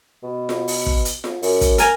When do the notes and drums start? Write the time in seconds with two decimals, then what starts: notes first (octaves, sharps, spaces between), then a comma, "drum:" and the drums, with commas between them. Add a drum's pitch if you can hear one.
0.23 B2
0.49 drum: snare F4
0.68 drum: open hi-hat
0.86 drum: kick
1.05 drum: hi-hat
1.24 drum: snare F4
1.42 F#2, drum: open hi-hat
1.61 drum: kick, hi-hat
1.78 A#4 G#5 A#5, drum: hi-hat